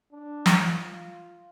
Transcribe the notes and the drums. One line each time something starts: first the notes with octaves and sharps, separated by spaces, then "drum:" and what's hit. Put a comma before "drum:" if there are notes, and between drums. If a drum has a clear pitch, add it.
D4
drum: snare
F4